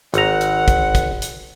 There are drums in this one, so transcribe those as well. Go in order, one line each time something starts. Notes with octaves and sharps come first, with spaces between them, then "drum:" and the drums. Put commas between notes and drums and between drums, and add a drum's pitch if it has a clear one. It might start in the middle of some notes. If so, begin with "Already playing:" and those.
G#1 F#5 A#5, drum: hi-hat
drum: hi-hat
drum: kick, hi-hat
drum: kick, hi-hat
drum: hi-hat